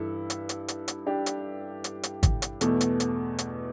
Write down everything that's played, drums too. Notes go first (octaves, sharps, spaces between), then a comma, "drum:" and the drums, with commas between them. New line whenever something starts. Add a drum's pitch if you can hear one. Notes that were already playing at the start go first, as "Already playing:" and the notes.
Already playing: G2 E3 E4 A4
drum: hi-hat
drum: hi-hat
drum: hi-hat
drum: hi-hat
D4 G4
drum: hi-hat
drum: hi-hat
drum: hi-hat
drum: kick G#1, hi-hat
drum: hi-hat
E2 B2 A3, drum: hi-hat
drum: hi-hat
drum: hi-hat
drum: hi-hat